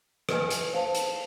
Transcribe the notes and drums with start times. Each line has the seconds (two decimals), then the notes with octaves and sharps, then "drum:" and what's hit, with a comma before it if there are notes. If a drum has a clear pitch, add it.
0.29 G4 B4 D#5 G#5, drum: rim click
0.50 drum: hi-hat
0.73 C5 F5 A5
0.95 drum: hi-hat